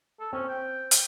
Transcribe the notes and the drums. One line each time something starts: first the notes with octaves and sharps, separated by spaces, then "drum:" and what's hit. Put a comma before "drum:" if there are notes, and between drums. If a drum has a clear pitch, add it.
A4
C4 C#4
G5
drum: hi-hat